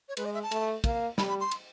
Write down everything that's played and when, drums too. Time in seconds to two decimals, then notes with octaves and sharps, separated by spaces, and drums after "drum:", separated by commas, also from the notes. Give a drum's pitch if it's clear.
0.09 C#5
0.17 G#3 B4, drum: cymbal
0.25 D#5
0.34 E5
0.43 A5
0.51 A3, drum: cymbal
0.84 A#3, drum: kick, cymbal
1.18 G3 B5, drum: snare
1.29 B5
1.41 C6
1.51 drum: cymbal